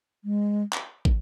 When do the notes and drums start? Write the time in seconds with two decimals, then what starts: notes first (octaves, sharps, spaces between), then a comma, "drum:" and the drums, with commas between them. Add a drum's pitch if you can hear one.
0.24 G#3
0.73 drum: clap
1.05 drum: kick